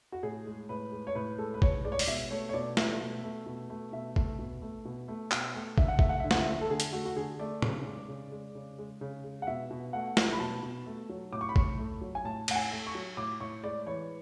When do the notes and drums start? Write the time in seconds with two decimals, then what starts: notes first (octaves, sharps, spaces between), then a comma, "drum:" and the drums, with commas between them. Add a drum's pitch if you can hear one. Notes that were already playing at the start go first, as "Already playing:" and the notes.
0.12 F#4
0.23 A2 G#4
0.46 G#3
0.69 A2 B4
0.92 G#3
1.07 C#5
1.15 A2 B4
1.38 G#3 A4
1.54 B4
1.62 A2 C#5, drum: kick
1.85 G#3 D5
1.92 C#5
1.99 D5, drum: open hi-hat
2.08 B2 E5
2.31 A3 C#5
2.49 C#5
2.53 B2 D5
2.77 A3 E5, drum: snare
3.00 B2
3.24 A3
3.46 B2
3.70 A3
3.93 B2 E5
4.16 A3, drum: kick
4.39 B2
4.62 A3
4.85 B2
5.08 A3
5.31 B2, drum: clap
5.54 A3
5.78 D3 E5, drum: kick
5.88 F#5
5.99 A3 E5, drum: kick
6.09 F#5
6.20 D3 E5
6.31 F#5, drum: snare
6.41 E5
6.47 A3
6.61 A4
6.70 D3 G#4
6.80 drum: hi-hat
6.93 A3 F#4
7.05 F#4
7.16 D3 G#4
7.39 A3 D5
7.62 C#3, drum: tom A2
7.86 G#3
8.08 C#3
8.32 G#3
8.55 C#3
8.79 G#3
9.01 C#3
9.24 G#3
9.42 F#5
9.47 B2 E5
9.71 B2
9.93 A3 F#5
10.17 F#3, drum: snare
10.33 B5
10.40 B2 A5
10.63 B2
10.86 A3
11.09 F#3
11.32 A2 D6
11.41 C#6
11.49 B5
11.56 A2 C#6, drum: kick
11.78 A3
12.01 F#3
12.15 G#5
12.24 A2 A5
12.48 A2 F#5, drum: cymbal
12.56 G#5
12.71 A3
12.87 C#6
12.95 F#3
13.17 A2 D6
13.40 A2 C#6
13.63 G#3 D5
13.86 E3 C#5